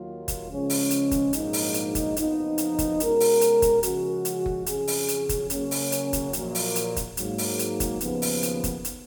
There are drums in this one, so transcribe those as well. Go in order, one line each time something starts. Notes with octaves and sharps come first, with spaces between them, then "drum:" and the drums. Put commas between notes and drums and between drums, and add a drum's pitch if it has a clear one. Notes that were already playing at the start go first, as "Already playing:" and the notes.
Already playing: D#2 D#3 F#3 A#3 F4
drum: kick F#1, hi-hat
C#2 C#3 F3 G#3 C#4
drum: open hi-hat
drum: hi-hat
drum: kick F#1, hi-hat
A#1 G#2 F#3 A#3 D#4, drum: hi-hat
drum: open hi-hat
drum: hi-hat
drum: kick F#1, hi-hat
F#1 F2 F3 B3 D#4, drum: hi-hat
drum: hi-hat
drum: kick F#1, hi-hat
B2 G#3 C#4 F#4 A#4, drum: hi-hat
drum: open hi-hat
drum: hi-hat
drum: kick F#1, hi-hat
C#3 F3 G#3 C#4 F#4, drum: hi-hat
drum: hi-hat
drum: kick F#1
F2 C#3 F#3 C#4 G#4, drum: hi-hat
drum: open hi-hat
drum: hi-hat
drum: kick F#1, hi-hat
C#3 F#3 A#3 C#4, drum: hi-hat
drum: open hi-hat
drum: hi-hat
drum: kick F#1, hi-hat
A#1 A#2 F#3 A#3, drum: hi-hat
drum: open hi-hat
drum: hi-hat
drum: kick F#1, hi-hat
G#2 F#3 A#3, drum: hi-hat
drum: open hi-hat
drum: hi-hat
drum: kick F#1, hi-hat
D#2 C#3 F3 B3, drum: hi-hat
drum: open hi-hat
drum: hi-hat
drum: kick F#1, hi-hat
drum: hi-hat